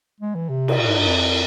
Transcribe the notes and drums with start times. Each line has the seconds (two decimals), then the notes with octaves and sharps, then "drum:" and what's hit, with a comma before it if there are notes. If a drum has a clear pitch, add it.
0.20 G#3
0.35 E3
0.49 C3
0.68 drum: cymbal
0.79 A#2
0.88 G#2
0.98 G2
1.07 F2